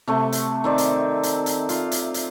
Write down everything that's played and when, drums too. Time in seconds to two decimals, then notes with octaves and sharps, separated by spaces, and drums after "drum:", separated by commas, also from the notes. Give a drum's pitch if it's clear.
0.08 C3 A3 F#5
0.32 drum: hi-hat
0.64 D#3 C4 D5
0.78 drum: hi-hat
1.23 drum: hi-hat
1.46 drum: hi-hat
1.69 F4, drum: hi-hat
1.92 drum: hi-hat
2.14 drum: hi-hat